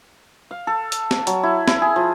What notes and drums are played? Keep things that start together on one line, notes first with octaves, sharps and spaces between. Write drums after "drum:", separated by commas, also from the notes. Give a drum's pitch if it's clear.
F5
A4
drum: hi-hat
drum: snare
F#3, drum: hi-hat
E4
E4, drum: snare
G#4
F3